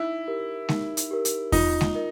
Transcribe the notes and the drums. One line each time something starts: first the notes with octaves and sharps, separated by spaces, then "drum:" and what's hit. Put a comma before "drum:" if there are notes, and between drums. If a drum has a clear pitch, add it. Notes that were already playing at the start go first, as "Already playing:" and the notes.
Already playing: D#4 E4
G4 A#4
D#4, drum: snare G#3
drum: hi-hat
G4 A#4
drum: hi-hat
D#4 F4, drum: kick E2, open hi-hat
drum: snare G#3
A#4 D#5